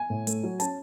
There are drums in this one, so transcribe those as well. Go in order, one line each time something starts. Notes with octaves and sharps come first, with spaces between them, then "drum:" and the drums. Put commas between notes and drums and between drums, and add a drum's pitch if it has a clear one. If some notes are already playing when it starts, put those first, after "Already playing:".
Already playing: G#5
A2
A3, drum: hi-hat
F#3
C#4 A5, drum: hi-hat